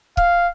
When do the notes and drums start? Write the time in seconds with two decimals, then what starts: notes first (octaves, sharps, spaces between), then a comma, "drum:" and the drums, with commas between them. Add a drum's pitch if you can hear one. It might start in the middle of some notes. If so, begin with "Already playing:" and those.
0.17 F5, drum: kick C#1